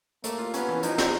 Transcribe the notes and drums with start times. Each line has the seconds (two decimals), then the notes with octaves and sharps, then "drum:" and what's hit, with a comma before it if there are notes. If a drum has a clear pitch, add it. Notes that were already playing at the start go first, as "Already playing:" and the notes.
0.24 A3 A#3, drum: hi-hat
0.38 F4
0.54 B3 C#4, drum: hi-hat
0.69 E3
0.83 F3 D#4, drum: hi-hat
0.98 C4, drum: snare